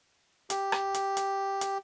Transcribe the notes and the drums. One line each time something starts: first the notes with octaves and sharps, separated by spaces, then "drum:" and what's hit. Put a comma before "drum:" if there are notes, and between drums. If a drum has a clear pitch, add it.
G4, drum: hi-hat
drum: rim click
drum: hi-hat
drum: hi-hat
drum: hi-hat